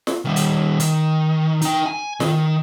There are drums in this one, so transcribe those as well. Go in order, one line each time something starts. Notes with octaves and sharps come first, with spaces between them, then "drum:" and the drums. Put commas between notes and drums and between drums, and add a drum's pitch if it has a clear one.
drum: snare
D#3 G3
drum: hi-hat
D#3, drum: hi-hat
D#4 G5, drum: hi-hat
G#5
D#3, drum: snare